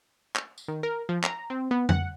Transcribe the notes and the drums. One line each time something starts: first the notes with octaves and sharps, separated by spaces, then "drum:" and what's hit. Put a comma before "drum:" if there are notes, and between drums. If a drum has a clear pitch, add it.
drum: clap
drum: tambourine
D#3
A#4
F3
A#5, drum: clap
C4
B3
F#5, drum: tom F2